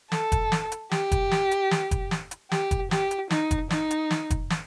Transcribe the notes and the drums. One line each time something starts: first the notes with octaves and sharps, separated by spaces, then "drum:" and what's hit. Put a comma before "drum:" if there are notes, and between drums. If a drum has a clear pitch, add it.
A4, drum: snare
drum: kick, hi-hat
drum: snare
drum: hi-hat
G4, drum: snare
drum: kick, hi-hat
drum: snare
drum: hi-hat
drum: snare
drum: kick, hi-hat
drum: snare
drum: hi-hat
G4, drum: snare
drum: kick, hi-hat
G4, drum: snare
drum: hi-hat
D#4, drum: snare
drum: kick, hi-hat
D#4, drum: snare
drum: hi-hat
drum: snare
drum: kick, hi-hat
drum: snare